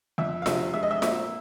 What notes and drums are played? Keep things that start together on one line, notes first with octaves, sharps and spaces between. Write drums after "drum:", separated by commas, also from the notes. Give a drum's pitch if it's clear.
F2 E5
F5
C3 E5, drum: snare F4
G#3 E5
D#5
E5
A#2 E5, drum: snare F4